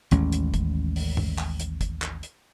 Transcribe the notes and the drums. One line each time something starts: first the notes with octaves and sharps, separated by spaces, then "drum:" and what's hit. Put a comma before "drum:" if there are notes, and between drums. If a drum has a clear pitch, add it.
A1 D#2 G#3 C#4, drum: hi-hat
drum: hi-hat
drum: kick, hi-hat
drum: open hi-hat
drum: tom G2
drum: clap
drum: hi-hat
drum: kick, hi-hat
drum: clap
drum: hi-hat